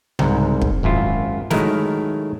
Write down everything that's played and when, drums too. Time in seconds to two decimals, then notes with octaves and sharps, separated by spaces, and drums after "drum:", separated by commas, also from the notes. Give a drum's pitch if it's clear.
0.19 C2 G#2, drum: tom C#3
0.62 drum: kick
0.83 G#1 F#2 E4 F4
1.50 D#3 F#3 G#3 A3 E4 A#4, drum: snare